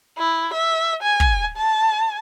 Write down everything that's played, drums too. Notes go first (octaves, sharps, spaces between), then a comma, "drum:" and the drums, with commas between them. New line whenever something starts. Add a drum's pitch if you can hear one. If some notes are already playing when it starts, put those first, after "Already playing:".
E4
E5
G#5
drum: kick
A5